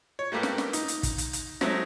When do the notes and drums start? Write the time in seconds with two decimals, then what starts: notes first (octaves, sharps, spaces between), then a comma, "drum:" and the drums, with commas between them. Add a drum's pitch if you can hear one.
0.19 C#5
0.32 G3 A3 A#3 G4 B4
0.43 drum: snare
0.58 drum: snare
0.73 D#4, drum: hi-hat
0.88 drum: hi-hat
1.03 drum: kick, hi-hat
1.18 drum: hi-hat
1.33 drum: hi-hat
1.61 F#3 G#3 A3 C4 D#4 E5, drum: snare